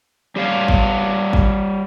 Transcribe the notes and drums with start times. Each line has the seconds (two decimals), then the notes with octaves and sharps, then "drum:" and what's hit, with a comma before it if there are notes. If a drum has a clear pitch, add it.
0.36 G3 G4 C#5 F5
0.68 drum: kick
1.33 drum: kick